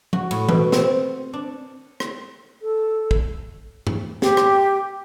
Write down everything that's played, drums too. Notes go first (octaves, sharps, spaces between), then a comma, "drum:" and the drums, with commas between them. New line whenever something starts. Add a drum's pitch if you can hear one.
F#4, drum: tom F3
A2, drum: cymbal
B2, drum: tom E3
C4, drum: snare
D4
drum: rim click
A4
drum: kick
drum: tom G2
G4, drum: snare
drum: rim click